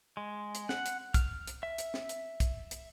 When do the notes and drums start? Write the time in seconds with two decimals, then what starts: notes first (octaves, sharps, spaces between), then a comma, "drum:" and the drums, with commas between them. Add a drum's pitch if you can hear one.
0.17 G#3
0.55 drum: hi-hat
0.69 F#5, drum: snare
0.86 drum: hi-hat
1.14 F6, drum: kick, hi-hat
1.47 drum: hi-hat
1.63 E5
1.78 drum: hi-hat
1.94 drum: snare
2.09 drum: hi-hat
2.40 drum: kick, hi-hat
2.71 drum: hi-hat